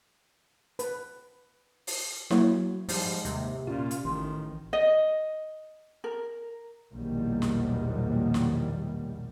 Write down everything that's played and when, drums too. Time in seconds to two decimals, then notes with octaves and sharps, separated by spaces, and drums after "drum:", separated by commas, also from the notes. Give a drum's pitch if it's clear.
0.79 B4, drum: hi-hat
1.87 drum: open hi-hat
2.30 F#3 A#3 E4 F#4 C#5, drum: snare
2.89 G#2 F3 G3, drum: open hi-hat
3.25 D#2 C3, drum: hi-hat
3.67 A#2 C#4 F4
3.91 drum: hi-hat
4.05 A1 D#3 C6
4.73 D#5
6.04 A#4
6.92 A#1 E2 B2 D#3 F#3 G3
7.42 drum: snare
8.34 drum: snare